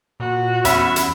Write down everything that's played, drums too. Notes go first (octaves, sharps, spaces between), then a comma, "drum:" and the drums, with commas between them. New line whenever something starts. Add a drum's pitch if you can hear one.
A#2 F#4
E2 C#4 E5 B5 B6, drum: hi-hat
drum: hi-hat